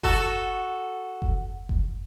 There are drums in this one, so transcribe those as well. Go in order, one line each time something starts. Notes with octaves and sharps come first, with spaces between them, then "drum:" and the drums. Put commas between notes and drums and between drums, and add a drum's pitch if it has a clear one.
F#4 A4, drum: kick F#1
drum: kick F#1
drum: kick F#1